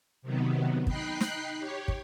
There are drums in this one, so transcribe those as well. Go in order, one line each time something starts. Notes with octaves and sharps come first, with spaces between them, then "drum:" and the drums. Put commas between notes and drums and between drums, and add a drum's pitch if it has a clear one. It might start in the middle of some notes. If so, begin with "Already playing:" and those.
C3 D#3 F#3 B3
D#4 G5 B5 F#6 C7, drum: kick
drum: snare
G4 C#5
drum: kick